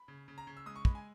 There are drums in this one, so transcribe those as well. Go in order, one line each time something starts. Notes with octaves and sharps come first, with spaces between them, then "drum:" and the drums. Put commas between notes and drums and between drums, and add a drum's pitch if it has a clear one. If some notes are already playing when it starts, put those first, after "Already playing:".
Already playing: B5
C#3
C#3
A#5
C#3
E6
G#3 D#6
C#6
G#3 B5, drum: kick
G#5